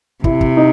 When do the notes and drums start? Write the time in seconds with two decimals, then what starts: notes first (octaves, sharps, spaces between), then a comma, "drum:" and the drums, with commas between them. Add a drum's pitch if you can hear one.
0.24 C3 E4, drum: kick
0.41 drum: kick
0.57 D#4